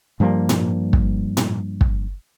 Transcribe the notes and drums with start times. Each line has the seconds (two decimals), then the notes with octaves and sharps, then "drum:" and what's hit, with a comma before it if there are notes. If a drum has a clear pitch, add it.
0.20 G2 F3 G3 A#3
0.49 drum: tom A2
0.93 drum: kick
1.37 drum: tom A2
1.81 drum: kick